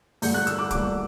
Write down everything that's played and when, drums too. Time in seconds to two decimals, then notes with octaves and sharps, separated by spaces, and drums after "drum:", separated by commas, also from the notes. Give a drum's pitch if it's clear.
0.22 G1 G2 D3 A3 G6, drum: open hi-hat
0.34 F#6
0.47 E6, drum: hi-hat
0.59 D6
0.71 G1 G2 D3 A3 D6, drum: kick C#1, hi-hat